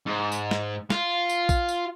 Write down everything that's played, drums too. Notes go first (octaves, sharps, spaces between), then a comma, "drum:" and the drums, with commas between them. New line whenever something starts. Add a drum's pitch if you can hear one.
G#2
drum: tambourine
drum: snare
F4, drum: snare
drum: tambourine
drum: kick A#1, tambourine
drum: tambourine